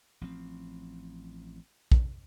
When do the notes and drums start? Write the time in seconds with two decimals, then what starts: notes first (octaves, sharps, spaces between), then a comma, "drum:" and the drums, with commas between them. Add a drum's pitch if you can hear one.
0.21 A1 F3 C4
1.92 drum: kick